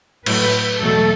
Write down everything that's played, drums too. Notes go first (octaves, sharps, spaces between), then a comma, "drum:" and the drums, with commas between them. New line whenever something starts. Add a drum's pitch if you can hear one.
A2 F#3 A3 B4, drum: cymbal
E2 B2 F#3 A3 A4